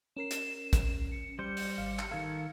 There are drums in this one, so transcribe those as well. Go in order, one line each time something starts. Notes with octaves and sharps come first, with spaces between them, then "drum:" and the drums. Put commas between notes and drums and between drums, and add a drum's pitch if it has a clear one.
C#4 A#4 C7 E7
drum: hi-hat
drum: kick A1, hi-hat
C#7
G3 C5 C#7
drum: open hi-hat
G#1 F5
drum: clap
D#3 A4 F5 G#6